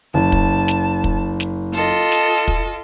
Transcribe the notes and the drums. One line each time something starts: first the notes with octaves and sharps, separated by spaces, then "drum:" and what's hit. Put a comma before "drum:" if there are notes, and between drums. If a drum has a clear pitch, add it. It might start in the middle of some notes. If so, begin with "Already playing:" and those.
F#1 A5
drum: kick
drum: snare
drum: kick
drum: snare
F4 A4 D#5
drum: snare
drum: kick